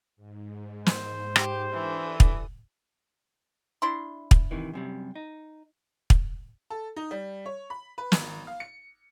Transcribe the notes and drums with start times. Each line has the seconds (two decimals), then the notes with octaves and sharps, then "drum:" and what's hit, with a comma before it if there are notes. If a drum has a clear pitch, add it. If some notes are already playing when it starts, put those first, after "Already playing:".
0.16 G#2
0.86 C5, drum: snare
1.36 G4, drum: rim click
1.72 E3 D4 A4 D#6
2.20 drum: kick
3.82 D4 E4 C6
4.31 drum: kick
4.51 C3 D#3 E3
4.73 F#2 C3 G3
5.16 D#4
6.10 drum: kick
6.70 A4
6.96 D#4
7.11 G3
7.46 C#5
7.70 B5
7.98 B4
8.12 G#1, drum: snare
8.47 F5
8.60 C#7